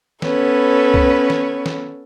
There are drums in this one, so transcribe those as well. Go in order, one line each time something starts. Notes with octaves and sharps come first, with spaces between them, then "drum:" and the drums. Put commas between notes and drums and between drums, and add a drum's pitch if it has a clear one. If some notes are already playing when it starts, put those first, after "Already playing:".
B3 C#4 A4 B4 C#5, drum: snare
drum: kick C2
drum: snare
drum: snare